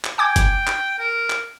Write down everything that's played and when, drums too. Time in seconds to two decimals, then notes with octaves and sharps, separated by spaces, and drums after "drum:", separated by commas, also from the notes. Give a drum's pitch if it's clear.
0.05 drum: clap
0.18 G5 G#5 D6 G#6
0.36 drum: kick F#1, hi-hat
0.67 drum: clap
0.99 A#4
1.30 drum: clap